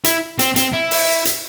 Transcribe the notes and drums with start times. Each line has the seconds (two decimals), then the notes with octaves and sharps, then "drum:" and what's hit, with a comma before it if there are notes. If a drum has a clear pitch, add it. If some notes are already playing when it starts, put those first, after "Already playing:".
0.04 E4, drum: hi-hat
0.39 C4, drum: hi-hat
0.56 C4, drum: hi-hat
0.74 E4
0.91 drum: open hi-hat
1.25 drum: hi-hat